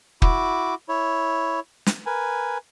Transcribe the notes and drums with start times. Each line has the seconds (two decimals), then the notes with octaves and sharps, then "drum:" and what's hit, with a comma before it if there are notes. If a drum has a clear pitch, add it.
0.22 E4 F#4 D6, drum: kick
0.89 E4 C#5
1.86 drum: snare
2.06 A#4 B4 G#5